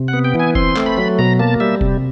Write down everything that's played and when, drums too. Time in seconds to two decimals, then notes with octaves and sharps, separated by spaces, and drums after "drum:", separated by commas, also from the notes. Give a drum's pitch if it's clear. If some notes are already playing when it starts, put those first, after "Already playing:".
Already playing: C3
0.08 F#5
0.13 B3
0.24 G5
0.35 E3 G#5
0.55 C4 C6, drum: kick E1
0.76 A3, drum: clap
0.86 B5
0.98 F#3
1.19 B2 A#5
1.39 A#3 A5
1.60 G3 E5
1.81 C3, drum: kick E1